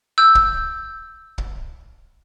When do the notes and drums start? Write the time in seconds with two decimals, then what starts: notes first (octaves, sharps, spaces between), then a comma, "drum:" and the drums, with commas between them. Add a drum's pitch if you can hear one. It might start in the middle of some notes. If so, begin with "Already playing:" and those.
0.18 E6 G6
0.35 drum: kick
1.38 drum: kick